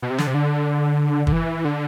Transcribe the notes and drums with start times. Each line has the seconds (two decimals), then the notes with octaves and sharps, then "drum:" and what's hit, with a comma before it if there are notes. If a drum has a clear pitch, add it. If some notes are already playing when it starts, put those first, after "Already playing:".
0.02 B2
0.10 C3
0.18 D3, drum: snare
0.27 C3
0.34 D3
1.27 D3, drum: kick
1.32 E3
1.65 D3